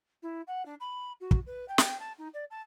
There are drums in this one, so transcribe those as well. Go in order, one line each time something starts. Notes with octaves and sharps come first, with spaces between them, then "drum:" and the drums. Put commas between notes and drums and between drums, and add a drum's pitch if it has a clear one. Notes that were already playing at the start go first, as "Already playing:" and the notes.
E4
F#5
D4
B5
F#4
drum: kick
B4
G5
drum: snare
A5
D#4
D5
A5